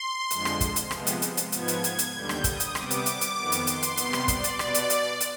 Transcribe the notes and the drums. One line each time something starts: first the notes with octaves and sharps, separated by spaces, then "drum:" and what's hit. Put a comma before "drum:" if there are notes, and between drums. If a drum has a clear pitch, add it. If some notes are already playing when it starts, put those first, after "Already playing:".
Already playing: C6
F2 D3 F3 G#3, drum: hi-hat
drum: rim click
drum: kick, hi-hat
drum: hi-hat
C3 F3 G#3 B3, drum: rim click
drum: hi-hat
drum: hi-hat
drum: hi-hat
G#2 F3 B3 G#6, drum: hi-hat
drum: hi-hat
G#6, drum: hi-hat
drum: hi-hat
D#2 D3 G3 G6
drum: rim click
D#6, drum: kick, hi-hat
drum: hi-hat
C3 G3 B3 D6, drum: rim click
drum: hi-hat
drum: hi-hat
drum: hi-hat
F2 D#3 B3
drum: hi-hat
C6, drum: hi-hat
drum: hi-hat
C3 G3 B3, drum: hi-hat
drum: rim click
D5, drum: kick, hi-hat
drum: hi-hat
B2 B3, drum: rim click
drum: hi-hat
drum: hi-hat
drum: hi-hat